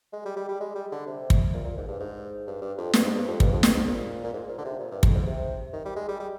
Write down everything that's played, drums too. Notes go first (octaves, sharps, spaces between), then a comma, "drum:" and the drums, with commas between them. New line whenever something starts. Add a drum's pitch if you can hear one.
G#3
G3
G3
G3
G#3
G3
D3
C3
drum: kick
A#2
A#2
G#2
G2
G#2
G2
G2
F2
G2, drum: snare
G#2
G2
F2
G2, drum: kick
F2
G2, drum: snare
G#2
A#2
A#2
G#2
A#2
D3
C3
A#2
G2
F2, drum: kick
G#2
C3
D#3
G3
G#3
G3
G3